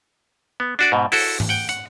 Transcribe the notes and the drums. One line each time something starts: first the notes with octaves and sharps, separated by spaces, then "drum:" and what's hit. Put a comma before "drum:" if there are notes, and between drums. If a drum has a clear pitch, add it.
B3
D4 F#4 D5
G#2 B2
E4 F#4 A4, drum: open hi-hat
drum: tom G#2
F#5 G5
F#5, drum: hi-hat